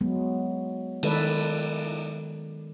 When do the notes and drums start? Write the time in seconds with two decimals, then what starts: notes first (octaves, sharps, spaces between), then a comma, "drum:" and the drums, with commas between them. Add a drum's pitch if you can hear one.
0.01 F#3 G#3 B3
1.03 D#3 G#3 A4 B4 D5, drum: cymbal